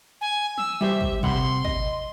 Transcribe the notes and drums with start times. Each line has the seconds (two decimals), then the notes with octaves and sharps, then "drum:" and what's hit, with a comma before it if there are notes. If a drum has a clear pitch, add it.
0.21 G#5
0.58 E6, drum: tom E3
0.81 G3 G4 C5 E5
1.01 drum: kick
1.23 C3 F#5 B5 C6, drum: kick
1.65 D#5, drum: kick